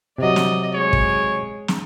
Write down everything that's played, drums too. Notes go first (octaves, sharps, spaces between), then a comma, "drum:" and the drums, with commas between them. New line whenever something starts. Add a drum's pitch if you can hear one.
C3 F#3 D5 D#5
drum: snare
G#3 C#5
drum: kick
drum: snare